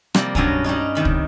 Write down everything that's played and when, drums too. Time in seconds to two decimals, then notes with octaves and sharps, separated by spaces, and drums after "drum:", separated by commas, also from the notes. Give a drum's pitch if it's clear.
0.14 C3 F3 G3 A#3, drum: rim click
0.35 G2 B2 F#3 C#4 G#5 A#5, drum: kick
0.64 G3 C4 C#4 D#4
0.95 C3 D#3 B5
1.05 drum: kick